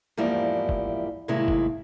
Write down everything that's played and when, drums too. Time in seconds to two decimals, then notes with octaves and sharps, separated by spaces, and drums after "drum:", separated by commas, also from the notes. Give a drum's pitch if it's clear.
0.17 E2 G#2 F3 G3 A#3 E4
0.69 drum: kick
1.28 A2 C3 D#3 G#3 A#3 E4
1.48 drum: kick